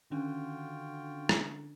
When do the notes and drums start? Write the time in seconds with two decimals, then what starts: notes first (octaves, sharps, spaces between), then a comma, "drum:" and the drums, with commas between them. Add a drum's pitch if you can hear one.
0.11 D3 D#3 C#4 D4 F4 F#4 G5
1.29 drum: rim click